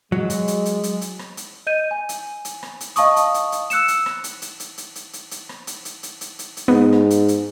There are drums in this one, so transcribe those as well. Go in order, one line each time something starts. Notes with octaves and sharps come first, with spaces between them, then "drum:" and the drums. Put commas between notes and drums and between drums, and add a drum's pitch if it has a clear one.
F#3 G#3
drum: hi-hat
drum: hi-hat
drum: hi-hat
drum: hi-hat
drum: hi-hat
drum: rim click
drum: hi-hat
D#5 G6 D#7
G#5
drum: hi-hat
drum: hi-hat
drum: rim click
drum: hi-hat
D#5 F5 A5 C#6 D#6, drum: hi-hat
drum: hi-hat
drum: hi-hat
drum: hi-hat
E6 F#6 C#7 E7, drum: hi-hat
drum: hi-hat
drum: rim click
drum: hi-hat
drum: hi-hat
drum: hi-hat
drum: hi-hat
drum: hi-hat
drum: hi-hat
drum: hi-hat
drum: rim click
drum: hi-hat
drum: hi-hat
drum: hi-hat
drum: hi-hat
drum: hi-hat
drum: hi-hat
G#2 B3
drum: rim click
drum: hi-hat
drum: hi-hat